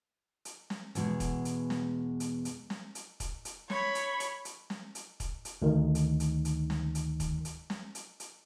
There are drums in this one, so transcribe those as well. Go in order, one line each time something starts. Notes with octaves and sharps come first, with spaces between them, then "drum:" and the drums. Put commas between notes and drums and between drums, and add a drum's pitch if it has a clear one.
drum: hi-hat
drum: snare
E2 B2 G#3, drum: hi-hat
drum: kick, hi-hat
drum: hi-hat
drum: snare
drum: hi-hat
drum: hi-hat
drum: snare
drum: hi-hat
drum: kick, hi-hat
drum: hi-hat
C#5 B5, drum: snare
drum: hi-hat
drum: hi-hat
drum: hi-hat
drum: snare
drum: hi-hat
drum: kick, hi-hat
drum: hi-hat
D2 D#3
drum: hi-hat
drum: hi-hat
drum: hi-hat
drum: snare
drum: hi-hat
drum: kick, hi-hat
drum: hi-hat
drum: snare
drum: hi-hat
drum: hi-hat